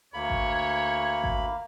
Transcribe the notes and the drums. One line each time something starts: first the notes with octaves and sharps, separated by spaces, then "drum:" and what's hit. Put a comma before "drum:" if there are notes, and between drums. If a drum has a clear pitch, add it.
D2 A#3 C#5 B5
drum: kick G#1
drum: kick G#1